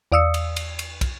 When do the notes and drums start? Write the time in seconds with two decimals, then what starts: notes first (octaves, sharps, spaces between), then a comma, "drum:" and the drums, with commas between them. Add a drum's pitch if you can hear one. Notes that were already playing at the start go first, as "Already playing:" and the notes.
0.12 E2 D5 F5 D#6 E6 C#7
0.34 drum: cymbal
0.56 drum: cymbal
0.79 drum: cymbal
1.01 drum: kick, cymbal